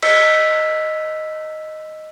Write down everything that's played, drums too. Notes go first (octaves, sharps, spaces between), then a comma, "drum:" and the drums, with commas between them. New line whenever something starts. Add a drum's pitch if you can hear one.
D#5 E6 B6, drum: cymbal